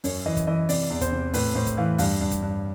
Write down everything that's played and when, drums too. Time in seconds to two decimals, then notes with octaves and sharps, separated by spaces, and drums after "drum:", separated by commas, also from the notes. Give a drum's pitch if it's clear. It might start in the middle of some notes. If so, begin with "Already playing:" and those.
0.04 F#2 C#5, drum: open hi-hat
0.26 E3 D#5
0.37 drum: kick, hi-hat
0.47 E3 D#5
0.69 C3 D5, drum: open hi-hat
0.90 E2
1.01 C5, drum: kick, hi-hat
1.12 C3
1.33 A2 B4, drum: open hi-hat
1.55 A2 C5
1.67 drum: kick, hi-hat
1.77 E3 F5
1.98 G2 F5, drum: open hi-hat
2.21 G2
2.31 drum: kick, hi-hat
2.42 G2